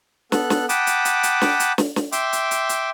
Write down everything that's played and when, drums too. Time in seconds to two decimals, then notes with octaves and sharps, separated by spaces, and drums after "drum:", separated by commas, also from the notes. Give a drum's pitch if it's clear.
0.32 B3 A4 F#6, drum: snare
0.50 drum: snare
0.69 F#5 G5 A5 B5 D6 D#6, drum: hi-hat
0.87 drum: hi-hat
1.05 drum: hi-hat
1.23 drum: hi-hat
1.41 drum: snare
1.60 drum: hi-hat
1.78 drum: snare
1.96 drum: snare
2.12 E5 G5 C6 D6, drum: hi-hat
2.33 drum: hi-hat
2.51 drum: hi-hat
2.69 drum: hi-hat